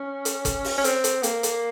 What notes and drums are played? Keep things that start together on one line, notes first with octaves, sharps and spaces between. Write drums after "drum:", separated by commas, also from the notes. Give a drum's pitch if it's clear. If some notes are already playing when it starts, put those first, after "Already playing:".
Already playing: C#4
drum: hi-hat
drum: kick, hi-hat
drum: open hi-hat
C#4
C4, drum: hi-hat
drum: hi-hat
A#3, drum: hi-hat
drum: hi-hat